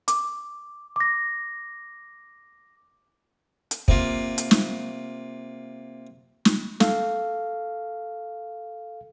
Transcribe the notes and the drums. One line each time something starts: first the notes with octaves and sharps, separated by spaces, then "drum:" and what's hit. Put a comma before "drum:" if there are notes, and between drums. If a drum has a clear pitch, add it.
D6, drum: hi-hat
D6 A#6
drum: hi-hat
C3 A#3 F4, drum: kick
drum: hi-hat
drum: snare
drum: snare
A4 F5, drum: snare